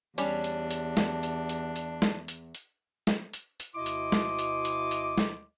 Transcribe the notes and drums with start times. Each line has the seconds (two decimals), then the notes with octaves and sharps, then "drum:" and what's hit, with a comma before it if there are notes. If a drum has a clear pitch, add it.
0.18 E2 G3 C#4 D4, drum: hi-hat
0.44 drum: hi-hat
0.71 drum: hi-hat
0.97 drum: snare
1.23 drum: hi-hat
1.49 drum: hi-hat
1.76 drum: hi-hat
2.02 drum: snare
2.28 drum: hi-hat
2.55 drum: hi-hat
3.07 drum: snare
3.33 drum: hi-hat
3.60 drum: hi-hat
3.75 D2 B2 E4 D#5 C6 D6
3.86 drum: hi-hat
4.12 drum: snare
4.39 drum: hi-hat
4.65 drum: hi-hat
4.91 drum: hi-hat
5.18 drum: snare